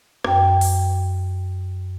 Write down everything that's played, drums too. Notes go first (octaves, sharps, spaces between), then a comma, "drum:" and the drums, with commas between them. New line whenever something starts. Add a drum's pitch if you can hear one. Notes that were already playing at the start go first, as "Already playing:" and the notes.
F#2 G5, drum: rim click
drum: open hi-hat